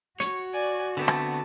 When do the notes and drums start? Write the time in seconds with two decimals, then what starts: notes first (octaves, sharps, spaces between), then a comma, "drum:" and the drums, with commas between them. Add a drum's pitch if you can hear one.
0.20 F#4 C#5, drum: hi-hat
0.53 D5 G#5
0.97 D3 A3 B3 C4 A5
1.08 drum: rim click